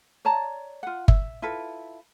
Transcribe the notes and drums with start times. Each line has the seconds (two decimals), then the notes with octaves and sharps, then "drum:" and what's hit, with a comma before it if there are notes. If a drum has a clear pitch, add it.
0.25 C#5 D5 A5 A#5
0.83 F4 F#5
1.08 E5, drum: kick G1
1.42 E4 F4 A4 B4